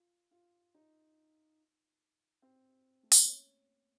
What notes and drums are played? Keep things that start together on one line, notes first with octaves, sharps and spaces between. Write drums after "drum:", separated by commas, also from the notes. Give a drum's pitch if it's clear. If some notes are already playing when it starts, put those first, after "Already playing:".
Already playing: F4
F4
D#4
C4
A3
A#3, drum: open hi-hat
C4
C#4